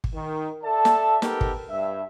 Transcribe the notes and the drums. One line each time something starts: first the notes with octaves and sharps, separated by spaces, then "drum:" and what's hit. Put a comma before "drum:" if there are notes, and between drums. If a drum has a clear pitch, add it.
drum: kick G#1
D#3
A4 D5 E5 A5
drum: snare
B3 D#4 G4 A4 A#4, drum: snare
drum: kick G#1
G2 E5